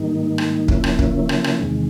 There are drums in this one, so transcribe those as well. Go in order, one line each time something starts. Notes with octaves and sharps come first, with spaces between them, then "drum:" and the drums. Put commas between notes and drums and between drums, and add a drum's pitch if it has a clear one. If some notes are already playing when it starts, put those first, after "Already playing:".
Already playing: G#2 D#3 G3 A#3 D#4
drum: rim click
C#3 F3 A#3 C#4 E4, drum: kick
drum: rim click
drum: kick
drum: rim click
drum: rim click
E2 C3 D#3 G#3